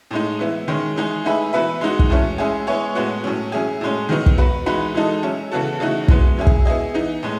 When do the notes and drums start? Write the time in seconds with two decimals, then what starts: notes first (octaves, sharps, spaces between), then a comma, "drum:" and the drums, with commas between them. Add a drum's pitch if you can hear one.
0.11 A2 G#3 D#4
0.39 E3 B3 E4
0.68 D#3 G#3 C#4
0.96 E3 G#3 D#4 G#4
1.25 A3 D#4 G#4 B4 E5
1.53 E3 B3 F#4 B4 E5
1.81 G#3 D#4 F#4
1.99 drum: kick
2.10 A2 E3 A3 C#4
2.38 G#3 C#4 E4 G#4
2.67 G#3 B3 E4 G#4 C#5
2.95 A2 G#3 B3 F#4
3.24 A2 F#3 C#4
3.52 F#3 C#4 E4 G#4
3.81 A2 G#3 C#4
4.09 D#3 F#3 B3 D#4
4.26 drum: kick
4.38 B3 F#4 B4
4.66 E3 G#3 D#4 F#4 B4
4.94 E3 G#3 D#4 A4 D#5
5.23 F#3 C#4 E4
5.51 C#3 E3 B3 F#4 A4
5.80 C#3 E3 A3 D#4 F#4
6.08 E3 G#3 B3, drum: kick
6.37 F#3 C#4 E4 G#4
6.47 drum: kick
6.65 B3 E4 G#4 D#5
6.94 E3 B3 D#4
7.23 A2 G#3